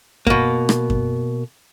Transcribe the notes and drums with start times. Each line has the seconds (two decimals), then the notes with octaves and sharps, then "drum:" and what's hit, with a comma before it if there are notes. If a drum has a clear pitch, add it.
0.27 B2 A#3, drum: kick F#2
0.69 drum: rim click
0.90 drum: kick F#2